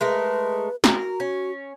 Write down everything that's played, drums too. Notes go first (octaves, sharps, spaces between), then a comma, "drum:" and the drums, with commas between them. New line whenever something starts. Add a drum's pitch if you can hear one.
G#3 A3 A#4 B4
F#4 A#4, drum: snare
C#4